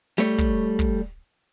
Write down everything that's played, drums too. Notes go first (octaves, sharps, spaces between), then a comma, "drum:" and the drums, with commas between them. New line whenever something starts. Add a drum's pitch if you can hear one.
G3 A3 C#5
drum: kick
drum: kick